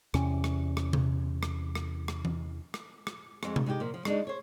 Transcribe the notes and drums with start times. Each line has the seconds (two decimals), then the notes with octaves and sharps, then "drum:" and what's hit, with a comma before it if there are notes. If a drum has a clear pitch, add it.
0.14 E2 C3 C#4, drum: rim click
0.44 drum: rim click
0.77 drum: rim click
0.93 drum: tom C3
1.43 drum: rim click
1.75 drum: rim click
2.08 drum: rim click
2.25 drum: tom E3
2.74 drum: rim click
3.07 drum: rim click
3.43 F2 G#3, drum: rim click
3.56 drum: tom C3
3.66 G#3 D#4 F#4 G4
3.80 A#2 F3
3.94 F3
4.05 G#3 D4 D#4, drum: rim click
4.27 C5 C#5